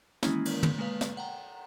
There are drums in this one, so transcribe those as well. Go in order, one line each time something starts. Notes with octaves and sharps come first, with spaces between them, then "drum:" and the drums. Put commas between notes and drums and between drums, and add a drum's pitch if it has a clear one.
D#3 E3 G#3 A#3 C#4 E4, drum: snare
drum: cymbal
drum: tom
G#3 A#3 B4 F5
drum: snare
F#5 G5 A#5